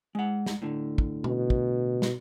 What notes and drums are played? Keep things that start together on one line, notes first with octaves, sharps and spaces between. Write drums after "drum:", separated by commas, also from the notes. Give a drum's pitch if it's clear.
G#3 F#5
drum: snare
A2 D3
drum: kick
B2, drum: tom B2
drum: kick
drum: snare